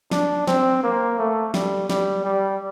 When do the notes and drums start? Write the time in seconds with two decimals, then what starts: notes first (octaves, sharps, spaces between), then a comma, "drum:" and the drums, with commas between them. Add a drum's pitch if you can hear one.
0.12 D4, drum: snare
0.47 C4, drum: snare
0.83 A#3
1.19 A3
1.54 G3, drum: snare
1.90 G3, drum: snare
2.25 G3